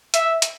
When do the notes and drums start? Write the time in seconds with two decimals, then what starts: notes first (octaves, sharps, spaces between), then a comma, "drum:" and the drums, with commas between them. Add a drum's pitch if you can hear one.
0.14 E5, drum: hi-hat
0.42 drum: hi-hat